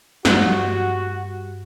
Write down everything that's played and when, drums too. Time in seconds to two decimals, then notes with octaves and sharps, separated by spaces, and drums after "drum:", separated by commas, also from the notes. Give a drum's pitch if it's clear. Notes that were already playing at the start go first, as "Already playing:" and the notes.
0.25 G2 F#4, drum: snare